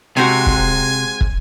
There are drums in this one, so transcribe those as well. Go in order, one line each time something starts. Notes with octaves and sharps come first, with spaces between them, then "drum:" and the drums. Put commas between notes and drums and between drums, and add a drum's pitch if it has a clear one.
C3 G#3 C4 F#4 G#5
drum: kick
drum: kick